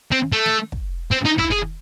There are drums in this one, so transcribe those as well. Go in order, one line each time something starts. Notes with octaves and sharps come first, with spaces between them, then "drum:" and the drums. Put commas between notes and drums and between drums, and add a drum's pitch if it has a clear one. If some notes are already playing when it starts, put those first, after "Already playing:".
C4
A3
drum: snare
drum: kick
C4
D#4
E4, drum: kick
G#4